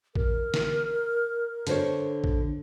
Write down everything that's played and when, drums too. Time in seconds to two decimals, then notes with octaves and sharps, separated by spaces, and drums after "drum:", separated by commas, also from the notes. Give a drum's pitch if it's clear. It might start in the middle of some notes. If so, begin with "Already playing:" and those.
0.15 A#4, drum: kick
0.54 drum: snare
1.67 D3 C5 C#5, drum: hi-hat
2.24 drum: kick